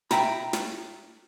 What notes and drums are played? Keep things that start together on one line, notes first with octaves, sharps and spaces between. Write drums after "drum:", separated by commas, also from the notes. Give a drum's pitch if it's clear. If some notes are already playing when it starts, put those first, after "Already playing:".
E5 G5 A#5 B5, drum: snare
drum: snare